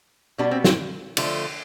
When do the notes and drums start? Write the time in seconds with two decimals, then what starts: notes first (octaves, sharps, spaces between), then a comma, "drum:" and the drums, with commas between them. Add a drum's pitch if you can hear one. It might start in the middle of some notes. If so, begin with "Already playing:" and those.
0.38 B2 G3 B3 D4
0.51 C4
0.64 C4, drum: snare
1.17 D3 F3 A3, drum: cymbal